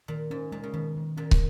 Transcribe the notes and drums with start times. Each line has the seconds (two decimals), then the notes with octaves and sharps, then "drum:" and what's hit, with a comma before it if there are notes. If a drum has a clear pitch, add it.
0.08 A#2 D#3
0.30 G#2 C#4
0.52 A#2 G#3
0.64 C#3
0.73 B2 D#3
0.96 D#3
1.17 A#2 C#4
1.31 drum: kick